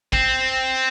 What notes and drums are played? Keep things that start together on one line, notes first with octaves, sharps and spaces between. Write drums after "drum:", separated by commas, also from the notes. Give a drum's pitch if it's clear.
C4, drum: kick